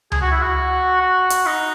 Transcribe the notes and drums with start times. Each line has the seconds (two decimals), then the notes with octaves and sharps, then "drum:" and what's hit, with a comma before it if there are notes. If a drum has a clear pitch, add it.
0.12 G#4, drum: tom C#2
0.21 F#4
0.31 E4
0.42 F#4
1.00 F#4
1.30 drum: hi-hat
1.46 D#4